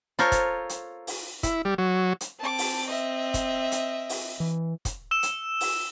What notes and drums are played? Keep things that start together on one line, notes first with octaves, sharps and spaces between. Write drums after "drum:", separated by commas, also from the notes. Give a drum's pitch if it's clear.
F4 A4 A#4 C5 C#5
drum: kick, hi-hat
drum: hi-hat
drum: open hi-hat
E4, drum: kick, hi-hat
G3
F#3
drum: hi-hat
C4 A5 D6
drum: open hi-hat
D#5 E5
drum: kick, hi-hat
drum: hi-hat
drum: open hi-hat
E3
drum: kick, hi-hat
E6 E7
drum: hi-hat
drum: open hi-hat